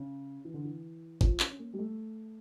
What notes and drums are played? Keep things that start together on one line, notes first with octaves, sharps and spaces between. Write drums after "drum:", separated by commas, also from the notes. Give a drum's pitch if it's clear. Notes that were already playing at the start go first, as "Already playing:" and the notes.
Already playing: C#3
E3
D3
E3
F3, drum: kick
C#4, drum: clap
C#4
A#3
G3
A3